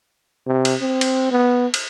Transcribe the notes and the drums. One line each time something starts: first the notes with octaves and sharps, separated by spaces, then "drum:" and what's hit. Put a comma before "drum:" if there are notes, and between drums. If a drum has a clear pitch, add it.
C3
drum: cymbal
C4
drum: cymbal
B3
drum: cymbal